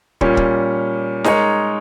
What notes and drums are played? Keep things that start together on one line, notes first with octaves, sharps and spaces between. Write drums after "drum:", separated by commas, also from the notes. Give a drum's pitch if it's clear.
A#2 G3 C#4, drum: kick
drum: kick
G#3 D#4 A#4 C#5, drum: snare